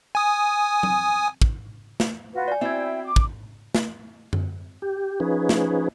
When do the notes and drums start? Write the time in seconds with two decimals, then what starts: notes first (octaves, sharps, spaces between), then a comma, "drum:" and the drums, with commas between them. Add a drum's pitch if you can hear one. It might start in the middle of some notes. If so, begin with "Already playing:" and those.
0.15 G#5 D#6
0.83 drum: tom F#3
1.42 drum: kick
2.00 drum: snare
2.34 F4 F#4 B4
2.48 D5 G#5
2.61 C4 E4 F#4 D5 E5 G5 G#6
3.04 D6
3.16 drum: kick
3.75 drum: snare
4.33 drum: tom F#2
4.82 G4
5.20 F3 C#4 D#4 G#4 B4
5.49 drum: snare